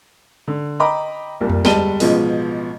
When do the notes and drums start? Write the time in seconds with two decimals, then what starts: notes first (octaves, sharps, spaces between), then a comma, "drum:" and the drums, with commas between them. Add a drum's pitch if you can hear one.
0.48 D3
0.80 D#5 G5 A#5 B5 D6
1.40 C2 A#2 G3
1.50 drum: tom F2
1.65 G1 G3 G#3 A5 D#7 G7, drum: snare
2.00 A1 B2 F3 G#3, drum: open hi-hat